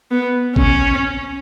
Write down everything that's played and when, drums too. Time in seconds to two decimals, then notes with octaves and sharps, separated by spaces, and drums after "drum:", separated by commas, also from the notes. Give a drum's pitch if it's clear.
0.11 B3
0.56 C#4, drum: kick A1